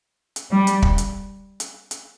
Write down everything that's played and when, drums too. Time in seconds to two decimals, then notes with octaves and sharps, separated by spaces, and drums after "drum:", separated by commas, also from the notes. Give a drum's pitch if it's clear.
0.36 drum: hi-hat
0.51 G3
0.67 drum: hi-hat
0.82 drum: kick
0.98 drum: hi-hat
1.60 drum: hi-hat
1.91 drum: hi-hat